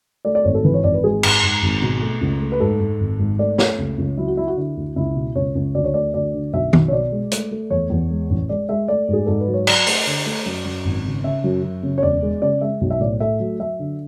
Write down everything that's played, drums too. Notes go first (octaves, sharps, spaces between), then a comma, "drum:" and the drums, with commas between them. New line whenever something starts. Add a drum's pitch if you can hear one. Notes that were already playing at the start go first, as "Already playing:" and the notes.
A3 D5
D5
G#1 C#5
A4
E3 B4
C#5
G#1 D5
B4
G#3 G#4
G#2, drum: cymbal
G#2
G#1
B2
A3
C#2
A3
B4
G#2 A4
G#2
G#1
G#2
A3 D5
A3 C#5, drum: snare
C#2
C#2
F#3 E4
F#4
F#3 E4
F#4
D3 E4
D2
C#2 E4
B2
C#2 C#5
C#2
D2 D5
C#5
A3 D5
D2 D5
D3
B1 E5
B1, drum: tom D#3
C#5
B2 D5
G#3
A3, drum: hi-hat
A3
E2 C#5
E2
G#3
A1
G#3 D5
G#3 E5
A3 D5
G#2 G#4
G#2 A4
B4
F#3
C#5
F#3 D5, drum: cymbal
A3, drum: open hi-hat
D3
A3
F#2
F#2
G#1
C#3
C#3 E5
F#2
F#2
C#3
C#5
E1 D5
G#3
C#3 D5
G#3 E5
B1
E5
A2 D5
A3 E5
F#3
F#3 E5
D3